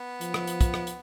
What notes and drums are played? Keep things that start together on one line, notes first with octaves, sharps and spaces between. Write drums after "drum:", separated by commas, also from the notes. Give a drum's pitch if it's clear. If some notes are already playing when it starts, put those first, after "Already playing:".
Already playing: B3
F3, drum: hi-hat
drum: rim click
drum: hi-hat
drum: kick, hi-hat
drum: rim click
drum: hi-hat